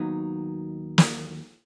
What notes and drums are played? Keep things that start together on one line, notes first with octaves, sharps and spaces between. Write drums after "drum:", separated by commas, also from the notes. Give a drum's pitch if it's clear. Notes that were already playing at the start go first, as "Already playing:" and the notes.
Already playing: D#2 D#3 F#3 B3 D#4
drum: snare